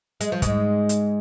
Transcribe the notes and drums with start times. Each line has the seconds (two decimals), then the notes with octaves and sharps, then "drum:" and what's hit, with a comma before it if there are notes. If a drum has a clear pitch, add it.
0.21 G#3, drum: hi-hat
0.32 F3
0.42 G#2 G#3, drum: kick, hi-hat
0.89 drum: hi-hat